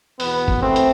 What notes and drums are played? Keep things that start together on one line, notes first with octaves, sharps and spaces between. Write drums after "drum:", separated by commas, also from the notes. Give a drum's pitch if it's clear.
E2 B2 B3, drum: open hi-hat
drum: kick
A3 C4
drum: hi-hat